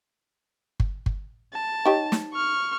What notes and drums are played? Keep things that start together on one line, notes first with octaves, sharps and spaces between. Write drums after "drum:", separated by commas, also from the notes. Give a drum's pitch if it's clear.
drum: kick G1
drum: kick G1
A5
D#4 G4 C#5
drum: snare
C#6 F6